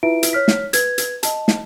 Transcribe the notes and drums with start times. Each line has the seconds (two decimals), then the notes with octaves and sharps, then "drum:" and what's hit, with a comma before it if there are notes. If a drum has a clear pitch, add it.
0.03 E4 F4 B4 E5 D7
0.23 drum: hi-hat
0.33 C#5 F6 B6
0.48 drum: snare
0.73 B4 G#6, drum: hi-hat
0.98 drum: hi-hat
1.23 D#5 A5, drum: hi-hat
1.48 drum: snare